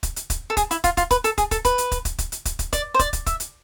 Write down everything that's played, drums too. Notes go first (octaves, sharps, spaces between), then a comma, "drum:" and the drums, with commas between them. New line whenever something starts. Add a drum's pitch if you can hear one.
drum: kick, hi-hat
drum: hi-hat
drum: kick, hi-hat
A4
G#4, drum: kick, hi-hat
E4, drum: hi-hat
F4, drum: kick, hi-hat
F4, drum: kick, hi-hat
B4, drum: kick, hi-hat
A4, drum: hi-hat
G#4, drum: kick, hi-hat
A4, drum: kick, hi-hat
B4, drum: kick, hi-hat
drum: hi-hat
drum: kick, hi-hat
drum: kick, hi-hat
drum: kick, hi-hat
drum: hi-hat
drum: kick, hi-hat
drum: kick, hi-hat
D5, drum: kick, hi-hat
C5
D5, drum: kick, hi-hat
drum: kick, hi-hat
E5, drum: kick, hi-hat
drum: hi-hat